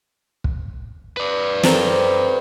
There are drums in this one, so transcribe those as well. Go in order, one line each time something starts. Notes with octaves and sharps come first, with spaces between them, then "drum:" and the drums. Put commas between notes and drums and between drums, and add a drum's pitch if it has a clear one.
drum: kick
B4 D5
C4 A4 A#4, drum: snare